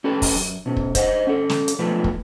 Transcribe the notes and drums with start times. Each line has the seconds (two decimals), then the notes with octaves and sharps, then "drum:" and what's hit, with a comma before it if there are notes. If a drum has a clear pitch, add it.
0.04 C#4 G4 A4 B4
0.22 drum: kick, open hi-hat
0.34 F#2
0.66 B2 C#4
0.77 drum: kick
0.95 C5 D#5 F#5, drum: kick, hi-hat
1.27 C#4 A4
1.49 drum: snare
1.68 drum: hi-hat
1.79 B1 F3 A3 B4
2.04 drum: kick